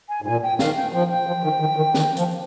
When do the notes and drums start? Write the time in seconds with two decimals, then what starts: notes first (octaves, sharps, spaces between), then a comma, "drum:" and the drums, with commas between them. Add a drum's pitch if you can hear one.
0.09 G#5
0.22 G#2
0.26 A#2 G#5
0.43 G5
0.59 D#3 F5, drum: snare
0.76 G5
0.93 F3 G5
1.10 G5
1.27 F3
1.44 D#3
1.60 D#3
1.76 D#3
1.94 D#3, drum: snare
2.17 F3, drum: hi-hat